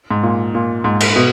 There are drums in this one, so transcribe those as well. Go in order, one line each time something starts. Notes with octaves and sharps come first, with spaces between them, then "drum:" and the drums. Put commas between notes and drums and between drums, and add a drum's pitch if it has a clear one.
G#2
A#2
A#2
G#2
drum: cymbal
B2